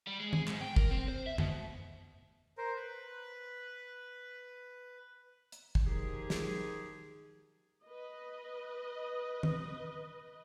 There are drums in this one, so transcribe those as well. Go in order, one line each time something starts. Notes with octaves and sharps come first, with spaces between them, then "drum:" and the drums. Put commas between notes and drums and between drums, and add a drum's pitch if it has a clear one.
G3
G#3
G#4, drum: tom D#3
G#2, drum: clap
G5
A#4, drum: kick
C4
C5
E5
B2, drum: tom F#2
A#4 C5
B4
drum: hi-hat
drum: kick
D#3 F3 D#4 G4 G#4
drum: snare
B4 D#5
drum: tom D#3